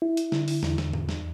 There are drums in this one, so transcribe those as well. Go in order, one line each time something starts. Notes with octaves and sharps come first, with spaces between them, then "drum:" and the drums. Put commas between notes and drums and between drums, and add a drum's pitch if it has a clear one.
E4
drum: hi-hat
D3, drum: snare
drum: open hi-hat
E2, drum: snare
drum: snare
drum: tom G#2
drum: snare